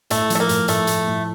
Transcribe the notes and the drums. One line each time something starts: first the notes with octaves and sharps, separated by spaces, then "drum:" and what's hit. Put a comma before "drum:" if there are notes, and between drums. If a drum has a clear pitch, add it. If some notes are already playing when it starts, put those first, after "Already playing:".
A2 A3, drum: hi-hat
F3, drum: hi-hat
A3
A#3
A2, drum: hi-hat
A2 A3, drum: hi-hat
A2, drum: hi-hat
A2